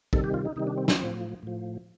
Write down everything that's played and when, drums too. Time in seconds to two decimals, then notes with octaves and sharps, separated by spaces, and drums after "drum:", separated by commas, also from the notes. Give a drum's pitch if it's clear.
0.13 C3 D#3 G3 A4, drum: kick
0.24 G4
0.34 F4
0.45 D#4
0.56 C3 D#3 G3 D#4
0.67 D4
0.78 C4
0.88 D4, drum: snare
0.99 A2 F3 C4
1.43 A2 F3